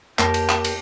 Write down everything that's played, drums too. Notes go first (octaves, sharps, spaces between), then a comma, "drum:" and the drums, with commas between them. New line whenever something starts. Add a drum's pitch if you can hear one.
F2 A#3 G4 C#5 A5, drum: clap
drum: cymbal
drum: clap
drum: cymbal